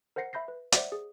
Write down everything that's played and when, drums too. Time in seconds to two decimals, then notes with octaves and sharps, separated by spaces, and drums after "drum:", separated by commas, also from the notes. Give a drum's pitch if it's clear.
0.16 A#4 C5 F#5 A#6 C7 C#7
0.33 E5 B5 G6 A#6 C7
0.48 B4
0.72 C5 D5 E5 F#5 D6, drum: hi-hat
0.92 G#4